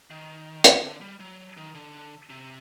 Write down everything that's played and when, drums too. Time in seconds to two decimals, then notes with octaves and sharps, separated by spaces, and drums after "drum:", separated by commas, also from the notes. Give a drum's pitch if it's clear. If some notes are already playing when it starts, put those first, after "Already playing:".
0.11 D#3
0.64 drum: hi-hat
0.83 D3
1.01 G3
1.20 F#3
1.57 D#3
1.75 D3
2.30 C3